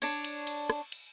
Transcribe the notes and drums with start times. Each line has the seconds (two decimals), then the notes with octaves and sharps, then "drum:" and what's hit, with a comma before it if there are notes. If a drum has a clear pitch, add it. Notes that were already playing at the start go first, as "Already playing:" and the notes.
0.02 D4 C#5, drum: cymbal
0.24 drum: cymbal
0.47 drum: cymbal
0.70 drum: rim click
0.92 drum: cymbal